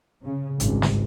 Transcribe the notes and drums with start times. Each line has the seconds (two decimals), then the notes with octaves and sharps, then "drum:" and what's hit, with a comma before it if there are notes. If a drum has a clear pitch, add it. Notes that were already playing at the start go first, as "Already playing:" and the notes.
0.24 C#3
0.60 G#1 C#2 G2, drum: hi-hat
0.82 drum: snare